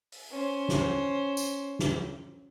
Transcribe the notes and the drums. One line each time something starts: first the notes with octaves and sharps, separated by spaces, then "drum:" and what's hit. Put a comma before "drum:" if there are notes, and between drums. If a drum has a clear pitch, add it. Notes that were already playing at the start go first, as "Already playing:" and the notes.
drum: open hi-hat
C#4 C5
drum: snare
drum: tambourine
drum: snare